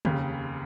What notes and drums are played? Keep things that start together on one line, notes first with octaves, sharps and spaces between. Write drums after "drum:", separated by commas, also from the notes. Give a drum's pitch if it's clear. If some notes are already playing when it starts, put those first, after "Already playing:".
F1 D#2 C#3, drum: tom C#3